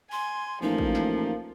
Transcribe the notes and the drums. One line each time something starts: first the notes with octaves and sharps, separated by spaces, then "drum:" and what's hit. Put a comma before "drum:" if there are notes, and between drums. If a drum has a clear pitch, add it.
G#5 C6
A1 F3 A#3 D#4
drum: kick
drum: snare